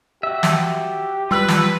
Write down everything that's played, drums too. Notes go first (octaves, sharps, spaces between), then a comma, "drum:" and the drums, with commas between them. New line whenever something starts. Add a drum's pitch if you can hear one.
F#4 G4 E5
drum: snare
G3 F4 B4 E6 F#6
drum: snare